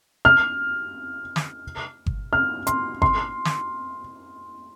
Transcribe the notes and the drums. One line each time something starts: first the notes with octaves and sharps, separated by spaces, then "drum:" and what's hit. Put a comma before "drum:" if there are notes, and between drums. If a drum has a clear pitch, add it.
F6
drum: snare
drum: kick G1
F6
C6, drum: hi-hat
C6, drum: kick G1
drum: snare